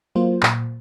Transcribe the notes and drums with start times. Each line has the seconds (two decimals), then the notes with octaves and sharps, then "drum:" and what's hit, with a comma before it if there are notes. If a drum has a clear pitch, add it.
0.15 F#3 A#3 F4 C5
0.43 A#2, drum: clap